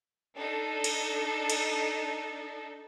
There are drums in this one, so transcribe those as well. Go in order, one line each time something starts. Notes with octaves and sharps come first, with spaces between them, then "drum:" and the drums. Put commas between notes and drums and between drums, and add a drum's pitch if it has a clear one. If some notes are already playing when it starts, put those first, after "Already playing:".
D4 D#4 A4
drum: cymbal
drum: cymbal